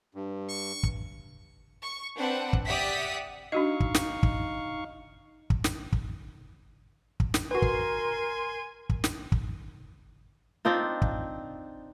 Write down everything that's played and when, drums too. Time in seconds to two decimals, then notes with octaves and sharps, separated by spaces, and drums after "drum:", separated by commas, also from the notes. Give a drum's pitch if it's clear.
0.15 G2
0.49 C#6
0.83 drum: kick
1.82 C#6
2.17 C4 D4 B4 F#5
2.53 drum: kick
2.67 G4 D5 E5 F#5 D#6 B6
3.52 D4 D#4 F#4 D#5 F5 C#6
3.80 drum: kick
3.95 drum: snare
4.23 drum: kick
5.50 drum: kick
5.64 drum: snare
5.92 drum: kick
7.20 drum: kick
7.34 drum: snare
7.51 F#4 A#4 B4 G#5 C6
7.62 drum: kick
8.89 drum: kick
9.04 drum: snare
9.32 drum: kick
10.65 C4 D4 D#4 F4
11.02 drum: kick